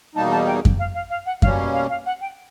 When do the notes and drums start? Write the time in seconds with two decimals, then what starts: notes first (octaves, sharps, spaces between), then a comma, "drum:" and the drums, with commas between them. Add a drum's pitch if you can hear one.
0.15 E2 B2 G3 A#3 D#4 A5
0.31 A5
0.47 G5
0.65 drum: kick F#2
0.79 F5
0.95 F5
1.10 F5
1.26 F#5
1.42 B2 G3 A#3 C#4 F5, drum: kick F#2
1.58 F5
1.74 F5
1.90 F5
2.06 F#5
2.21 G5